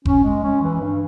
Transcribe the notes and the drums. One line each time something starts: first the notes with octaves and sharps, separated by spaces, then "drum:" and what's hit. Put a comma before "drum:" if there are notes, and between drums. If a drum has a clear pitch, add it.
C#4, drum: kick F#1
G#3
C#4
E3
G2